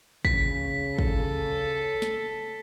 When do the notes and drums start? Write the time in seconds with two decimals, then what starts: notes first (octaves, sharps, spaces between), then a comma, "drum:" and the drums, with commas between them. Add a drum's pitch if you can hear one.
0.25 C#3 B6, drum: kick
0.99 A4, drum: kick
2.02 drum: snare